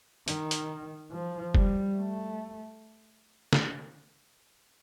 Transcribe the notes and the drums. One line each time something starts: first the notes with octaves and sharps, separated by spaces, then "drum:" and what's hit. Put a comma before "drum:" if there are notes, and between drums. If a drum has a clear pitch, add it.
D#3, drum: hi-hat
drum: hi-hat
F3
G3, drum: kick
A3
drum: snare